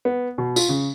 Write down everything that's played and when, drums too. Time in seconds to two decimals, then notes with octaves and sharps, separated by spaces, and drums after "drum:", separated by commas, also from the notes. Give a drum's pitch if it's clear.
0.05 B3
0.38 B2
0.56 F4, drum: tambourine
0.69 C#3